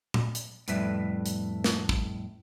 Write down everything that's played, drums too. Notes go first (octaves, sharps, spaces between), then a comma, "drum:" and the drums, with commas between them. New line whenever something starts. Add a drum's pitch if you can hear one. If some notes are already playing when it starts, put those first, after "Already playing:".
drum: tom A#2
drum: hi-hat
F2 A2 G3 B4 E5, drum: hi-hat
drum: hi-hat
drum: snare
drum: kick